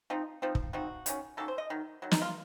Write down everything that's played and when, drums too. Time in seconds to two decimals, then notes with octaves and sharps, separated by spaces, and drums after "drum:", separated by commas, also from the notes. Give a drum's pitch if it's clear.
0.10 F3 C4 D#4
0.42 F3 C4 D#4
0.55 drum: kick
0.73 F3 C4 D#4 F#4
1.06 D#3 F#3 A#3 C#4, drum: hi-hat
1.37 D#3 F#3 A#3 C#4 A4
1.48 C5
1.58 D#5
1.70 D#3 F#3
2.02 D#3 F#3
2.11 D#4, drum: snare
2.22 F4